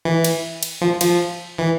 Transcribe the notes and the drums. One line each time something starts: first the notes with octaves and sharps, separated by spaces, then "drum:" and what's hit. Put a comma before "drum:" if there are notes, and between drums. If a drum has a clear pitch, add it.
E3
drum: cymbal
drum: cymbal
F3
F3, drum: cymbal
E3